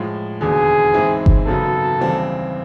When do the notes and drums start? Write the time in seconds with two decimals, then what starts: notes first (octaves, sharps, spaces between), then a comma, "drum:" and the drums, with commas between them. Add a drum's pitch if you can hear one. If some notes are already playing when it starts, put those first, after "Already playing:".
Already playing: A2 F3 G#3
0.41 E1 D#2 D3 G#4
0.94 G#2 E3 G#3 C4 E4
1.26 drum: kick G1
1.46 G#1 F#2 C#3 F#3 B3 A4
1.99 D#2 C#3 E3 G3 C4